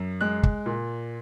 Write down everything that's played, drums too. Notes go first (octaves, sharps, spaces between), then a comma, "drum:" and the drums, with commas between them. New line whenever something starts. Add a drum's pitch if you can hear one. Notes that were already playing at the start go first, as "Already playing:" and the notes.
Already playing: F#2
G#3 F#6
drum: kick
A#2